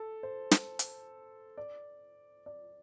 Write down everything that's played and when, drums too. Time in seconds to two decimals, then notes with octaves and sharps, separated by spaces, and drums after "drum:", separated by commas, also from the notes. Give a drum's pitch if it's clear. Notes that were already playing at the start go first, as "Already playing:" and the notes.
Already playing: A4
0.23 C5
0.51 drum: snare
0.79 drum: hi-hat
1.58 D5
2.46 D5